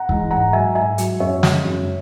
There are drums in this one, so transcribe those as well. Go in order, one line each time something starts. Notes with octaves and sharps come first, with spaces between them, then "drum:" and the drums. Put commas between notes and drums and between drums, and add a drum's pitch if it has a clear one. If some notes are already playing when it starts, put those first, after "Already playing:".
Already playing: F#5 A#5
E3 G#3, drum: kick C#1
G#2 F#5 A#5
F#3 E5 G#5
G#2 E5 G#5
F#3, drum: hi-hat
F#2 C#5 E5
C#3 G#3, drum: snare
F#2